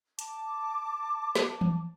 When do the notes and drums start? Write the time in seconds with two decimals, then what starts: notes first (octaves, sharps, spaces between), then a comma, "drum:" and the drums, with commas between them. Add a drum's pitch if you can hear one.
0.19 A5 D6, drum: hi-hat
1.35 drum: snare
1.61 drum: tom E3